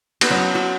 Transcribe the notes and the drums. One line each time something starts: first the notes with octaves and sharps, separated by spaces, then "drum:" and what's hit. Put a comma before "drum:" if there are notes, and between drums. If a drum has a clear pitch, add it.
B3, drum: cymbal
F#3 C#4
F#4